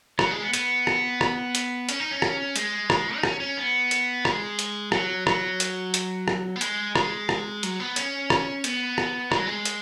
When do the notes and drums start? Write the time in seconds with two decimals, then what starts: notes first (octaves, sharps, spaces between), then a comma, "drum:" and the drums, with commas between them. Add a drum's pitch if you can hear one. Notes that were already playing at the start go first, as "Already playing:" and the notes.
0.19 F#3, drum: rim click
0.31 G#3
0.42 B3
0.53 B3, drum: hi-hat
0.87 drum: rim click
1.21 drum: rim click
1.55 drum: hi-hat
1.89 C#4, drum: hi-hat
2.00 D#4
2.11 C#4
2.22 drum: rim click
2.56 G#3, drum: hi-hat
2.90 drum: rim click
3.16 D#4
3.23 C#4, drum: rim click
3.40 C#4
3.57 B3
3.91 drum: hi-hat
4.25 G#3, drum: rim click
4.59 drum: hi-hat
4.92 F#3, drum: rim click
5.27 F#3, drum: rim click
5.60 drum: hi-hat
5.94 drum: hi-hat
6.28 drum: rim click
6.56 B3
6.61 G#3, drum: hi-hat
6.95 G#3, drum: rim click
7.29 drum: rim click
7.63 F#3, drum: hi-hat
7.80 B3
7.96 C#4, drum: hi-hat
8.30 drum: rim click
8.64 B3, drum: hi-hat
8.98 drum: rim click
9.32 G#3, drum: rim click
9.39 F#3
9.46 G#3
9.65 drum: hi-hat